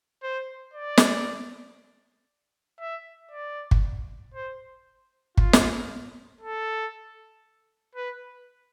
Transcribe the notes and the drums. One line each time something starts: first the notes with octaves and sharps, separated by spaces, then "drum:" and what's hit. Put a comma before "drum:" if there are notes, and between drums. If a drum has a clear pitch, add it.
C5
D5
drum: snare
E5
D5
drum: kick
C5
F4, drum: kick
drum: snare
A4
B4